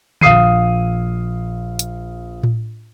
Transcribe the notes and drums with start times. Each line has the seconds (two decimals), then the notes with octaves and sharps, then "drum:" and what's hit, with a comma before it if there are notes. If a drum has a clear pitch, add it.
0.21 A#1 F5 D#6 C7 D#7, drum: tom D3
1.79 drum: hi-hat
2.43 drum: tom A2